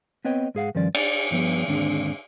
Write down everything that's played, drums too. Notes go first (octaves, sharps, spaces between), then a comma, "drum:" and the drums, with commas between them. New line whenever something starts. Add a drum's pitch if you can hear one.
B3 C4 B4 C#5 D#5 G5
G#2 G#4 F5 F#5
G2 D#3 F3 C#4 D5
D5, drum: cymbal
G2 F3 B3
D#2 G#2 D3 C4 D4